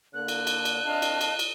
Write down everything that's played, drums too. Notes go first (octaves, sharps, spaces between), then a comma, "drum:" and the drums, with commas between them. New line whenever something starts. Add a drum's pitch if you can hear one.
D3 A#3 F#6
drum: cymbal
drum: cymbal
drum: cymbal
F2 D4 D#5 F5 A5
drum: cymbal
drum: cymbal
drum: cymbal